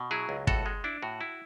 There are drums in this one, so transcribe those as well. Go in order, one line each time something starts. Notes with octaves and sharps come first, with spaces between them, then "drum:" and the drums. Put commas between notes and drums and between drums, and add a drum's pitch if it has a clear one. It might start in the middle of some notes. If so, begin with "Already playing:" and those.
Already playing: B2
F#3 E4 G#4
C#2
A2 F#4 A4, drum: kick
G#3
D4 E4
A2 F#4
E4